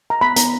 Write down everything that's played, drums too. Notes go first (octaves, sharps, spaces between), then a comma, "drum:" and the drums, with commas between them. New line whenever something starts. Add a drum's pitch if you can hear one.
A#5
B3 B5
B3 A#5, drum: hi-hat